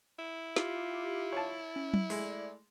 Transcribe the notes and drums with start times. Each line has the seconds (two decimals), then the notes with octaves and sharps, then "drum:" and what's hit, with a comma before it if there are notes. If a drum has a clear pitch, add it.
0.19 E4
0.56 F4 G4, drum: snare
1.32 C#5 A5
1.76 C#4
1.94 drum: tom F#3
2.10 G#3 A3 D5, drum: open hi-hat